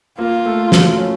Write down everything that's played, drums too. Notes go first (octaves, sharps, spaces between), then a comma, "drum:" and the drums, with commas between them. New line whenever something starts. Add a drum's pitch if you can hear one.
A#3 F4
A3
F#3, drum: snare
C#4